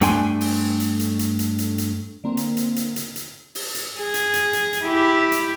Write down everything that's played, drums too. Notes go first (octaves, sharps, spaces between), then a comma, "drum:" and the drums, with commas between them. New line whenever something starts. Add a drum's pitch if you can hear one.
G2 A3 D4 G5 G#5 C6, drum: hi-hat
drum: open hi-hat
drum: hi-hat
drum: hi-hat
drum: hi-hat
drum: hi-hat
drum: hi-hat
drum: hi-hat
D3 A#3 C4
drum: hi-hat
drum: hi-hat
drum: hi-hat
drum: hi-hat
drum: hi-hat
drum: open hi-hat
drum: hi-hat
G#4
drum: hi-hat
drum: hi-hat
drum: hi-hat
drum: hi-hat
E4 G4
drum: hi-hat